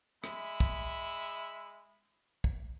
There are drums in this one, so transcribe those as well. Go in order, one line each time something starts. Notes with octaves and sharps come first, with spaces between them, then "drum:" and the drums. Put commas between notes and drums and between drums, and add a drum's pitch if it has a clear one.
G#3 E5 B5, drum: rim click
drum: kick
drum: kick